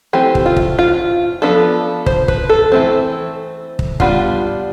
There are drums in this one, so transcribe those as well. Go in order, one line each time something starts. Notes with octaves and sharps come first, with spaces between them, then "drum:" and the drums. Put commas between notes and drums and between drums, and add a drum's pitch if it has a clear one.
E3 A3 C4 G4
drum: kick
F4
drum: kick
F4
F3 B3 D4 A4
C5, drum: kick
B4, drum: kick
A4
E3 A3 C4
drum: kick
G3 B3 D4 F4, drum: kick